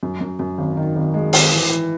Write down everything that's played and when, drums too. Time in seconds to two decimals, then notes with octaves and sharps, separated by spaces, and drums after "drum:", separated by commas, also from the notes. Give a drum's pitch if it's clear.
0.03 F#2
0.21 F#2
0.39 F#2
0.58 G#1
0.77 D#3
0.95 G#1
1.14 G#3
1.33 G#1, drum: open hi-hat
1.51 E3
1.70 E3